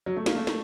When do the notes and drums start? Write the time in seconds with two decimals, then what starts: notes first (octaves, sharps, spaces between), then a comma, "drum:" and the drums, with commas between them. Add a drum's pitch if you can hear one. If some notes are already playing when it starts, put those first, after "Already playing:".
0.06 F#3
0.17 A3
0.26 A#3, drum: snare
0.36 A3
0.47 drum: snare